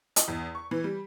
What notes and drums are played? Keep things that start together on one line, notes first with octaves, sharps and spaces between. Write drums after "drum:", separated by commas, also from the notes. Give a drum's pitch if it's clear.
D#5, drum: hi-hat
E2
C#6
E3
G3